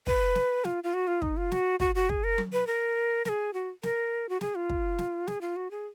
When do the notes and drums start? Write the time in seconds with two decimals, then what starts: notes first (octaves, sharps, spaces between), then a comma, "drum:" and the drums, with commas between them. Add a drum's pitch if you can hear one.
0.07 B4, drum: kick
0.35 drum: snare
0.65 F4, drum: snare
0.84 F4
0.94 F#4
1.07 F4
1.22 D#4, drum: kick
1.37 F4
1.52 F#4, drum: snare
1.80 F#4, drum: kick
1.95 F#4
2.09 G#4, drum: kick
2.24 A#4
2.38 drum: tom F#3
2.53 B4
2.67 A#4
3.25 A#4, drum: snare
3.29 G#4
3.54 F#4
3.83 A#4, drum: snare
4.29 F#4
4.41 G#4, drum: snare
4.55 F4
4.70 drum: kick
4.98 drum: snare
5.27 G#4, drum: snare
5.41 F4
5.56 F#4
5.71 G#4